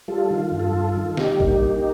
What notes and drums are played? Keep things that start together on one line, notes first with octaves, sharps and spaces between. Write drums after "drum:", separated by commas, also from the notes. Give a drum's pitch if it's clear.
G3 F4 A4
D#3 F4
G2
F4 A4
G2
F4 A4
D#3
G3 D#4 G4, drum: snare
A#3, drum: kick
D#4 G4
A#3
D#4 G4